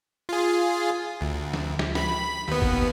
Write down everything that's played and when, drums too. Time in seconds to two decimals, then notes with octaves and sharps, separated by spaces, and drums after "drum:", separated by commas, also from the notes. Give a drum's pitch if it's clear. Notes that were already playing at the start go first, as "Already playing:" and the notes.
0.29 F4 G#4
1.21 D2
1.54 drum: snare
1.79 drum: snare
1.95 B5, drum: snare
2.48 D#2 B3
2.62 drum: kick